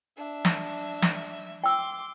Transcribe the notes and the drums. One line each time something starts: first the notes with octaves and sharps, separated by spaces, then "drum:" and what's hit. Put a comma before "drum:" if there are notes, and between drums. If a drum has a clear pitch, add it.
D4 E5
drum: snare
drum: snare
G5 C6 D6 E6